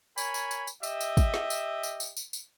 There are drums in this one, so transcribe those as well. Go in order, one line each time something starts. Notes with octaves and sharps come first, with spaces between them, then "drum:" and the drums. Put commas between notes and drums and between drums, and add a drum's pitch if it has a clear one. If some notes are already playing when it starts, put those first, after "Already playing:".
A#4 C#5 G#5 B5, drum: tambourine
drum: tambourine
drum: tambourine
drum: tambourine
G4 D#5 E5, drum: tambourine
drum: tambourine
drum: kick, tambourine
drum: snare
drum: tambourine
drum: tambourine
drum: tambourine
drum: tambourine
drum: tambourine